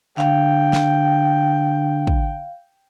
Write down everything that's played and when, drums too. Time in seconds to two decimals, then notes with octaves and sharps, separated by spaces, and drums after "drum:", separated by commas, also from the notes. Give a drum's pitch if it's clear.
0.18 D3 F5 G5, drum: clap
0.73 drum: snare
2.07 drum: kick